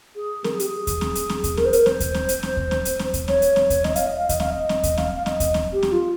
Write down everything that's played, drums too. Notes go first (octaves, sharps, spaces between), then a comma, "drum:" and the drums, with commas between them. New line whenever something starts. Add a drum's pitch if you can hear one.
G#4
A#4, drum: snare C4
G#4
G4, drum: hi-hat
G#4
drum: kick D#2, hi-hat
drum: snare C4
drum: hi-hat
drum: snare C4
drum: kick D#2, hi-hat
A#4, drum: snare C4
C5
A#4, drum: hi-hat
C5, drum: snare C4
drum: kick D#2, hi-hat
drum: snare C4
drum: hi-hat
drum: snare C4
drum: kick D#2
drum: snare C4
drum: hi-hat
drum: snare C4
drum: kick D#2, hi-hat
C#5, drum: snare C4
drum: hi-hat
drum: snare C4
drum: kick D#2, hi-hat
D#5, drum: snare C4
F5, drum: hi-hat
D#5
F5
D#5, drum: kick D#2, hi-hat
F5, drum: snare C4
D#5
drum: snare C4
drum: kick D#2, hi-hat
F5, drum: snare C4
F5
D#5, drum: snare C4
drum: kick D#2, hi-hat
drum: snare C4
G4
drum: snare C4
F4